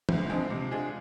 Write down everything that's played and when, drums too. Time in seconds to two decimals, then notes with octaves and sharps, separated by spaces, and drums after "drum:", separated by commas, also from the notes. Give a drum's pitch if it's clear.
0.09 D2, drum: tom
0.29 D3 F3 G#3 C4
0.50 C3
0.71 G#3 D4 F4 G#4